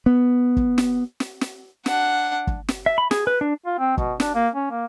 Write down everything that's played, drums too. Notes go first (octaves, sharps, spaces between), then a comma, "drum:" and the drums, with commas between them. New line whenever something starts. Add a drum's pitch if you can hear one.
B3
drum: kick
drum: snare
drum: snare
drum: snare
D4 F#5, drum: snare
drum: kick
drum: snare
E5
B5
G#4, drum: snare
B4
D4
F4
C4
B2, drum: kick
D4, drum: snare
A#3
C#4
A#3